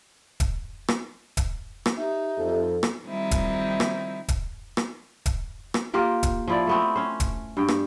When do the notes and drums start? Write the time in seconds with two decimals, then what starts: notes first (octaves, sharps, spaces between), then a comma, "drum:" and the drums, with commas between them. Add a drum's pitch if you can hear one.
0.40 drum: kick D#1, hi-hat
0.88 drum: rim click
1.37 drum: kick D#1, hi-hat
1.86 drum: rim click
1.97 D#4 G4 E5
2.38 F2 A4
2.83 drum: rim click
3.07 D#3 F3 G3 C4 D#4 E4
3.31 drum: kick D#1, hi-hat
3.80 drum: rim click
4.28 drum: kick D#1, hi-hat
4.77 drum: rim click
5.26 drum: kick D#1, hi-hat
5.74 drum: rim click
5.94 A#3 F4 G4 A#4
6.23 drum: kick D#1, hi-hat
6.48 F3 E4 D5
6.67 A3 B3 C4
6.96 C#4 C5
7.20 drum: kick D#1, hi-hat
7.57 G2 G5
7.68 drum: rim click